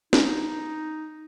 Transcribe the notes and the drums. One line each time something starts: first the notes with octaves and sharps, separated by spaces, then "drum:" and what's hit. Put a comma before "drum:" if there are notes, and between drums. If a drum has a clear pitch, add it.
D#4, drum: snare